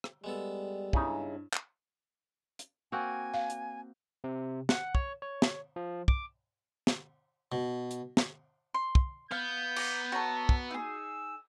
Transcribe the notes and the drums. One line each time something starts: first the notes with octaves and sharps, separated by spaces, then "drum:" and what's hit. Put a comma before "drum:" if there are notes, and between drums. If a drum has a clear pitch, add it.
drum: rim click
G3 G#3 B3 A4
G2 C#3 D#4 E4, drum: kick
drum: clap
drum: hi-hat
A#3 C4 F#4 G#5
F5
drum: hi-hat
C3
F#5, drum: snare
C#5, drum: kick
C#5
drum: snare
F3
D6, drum: kick
drum: snare
B2
drum: hi-hat
drum: snare
C6
drum: kick
B3 F5 G6
A#5 D6, drum: cymbal
F#4 A4 C#5 A#5
drum: kick
D#4 G#4 E6